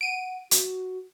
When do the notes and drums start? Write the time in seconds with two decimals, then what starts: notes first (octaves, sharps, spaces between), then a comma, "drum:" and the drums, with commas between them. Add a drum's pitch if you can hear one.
0.01 F#5 D7 D#7
0.51 F#4, drum: hi-hat